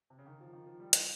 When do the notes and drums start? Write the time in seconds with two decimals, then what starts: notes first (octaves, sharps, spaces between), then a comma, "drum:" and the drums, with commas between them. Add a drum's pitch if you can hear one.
0.10 C3
0.19 C#3
0.27 D#3
0.41 F3
0.53 D#3
0.66 F3
0.80 G3
0.93 D#4, drum: hi-hat